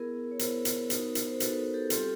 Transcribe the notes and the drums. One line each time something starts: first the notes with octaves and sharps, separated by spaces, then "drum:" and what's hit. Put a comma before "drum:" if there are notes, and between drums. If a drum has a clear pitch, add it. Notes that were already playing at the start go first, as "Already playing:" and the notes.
Already playing: B3 E4 G#4 A#4
C#5
B3 E4 A#4 C5, drum: hi-hat
drum: hi-hat
B3 D#4 F#4, drum: hi-hat
drum: hi-hat
C5
B3 D#4 F#4 A4 B4, drum: hi-hat
G4 A4
G3 C4 F4 G4 A4, drum: hi-hat